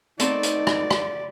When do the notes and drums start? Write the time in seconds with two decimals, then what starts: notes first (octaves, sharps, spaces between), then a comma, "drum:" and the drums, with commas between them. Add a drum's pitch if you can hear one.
0.19 A3 B3 C4 D#4 D5, drum: hi-hat
0.43 drum: hi-hat
0.67 drum: rim click
0.91 drum: rim click